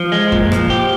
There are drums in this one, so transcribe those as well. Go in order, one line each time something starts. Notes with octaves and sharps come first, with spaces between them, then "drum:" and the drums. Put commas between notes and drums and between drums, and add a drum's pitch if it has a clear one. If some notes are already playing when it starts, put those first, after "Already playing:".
Already playing: F3
G#3
A#2, drum: kick F2
F3, drum: rim click
G4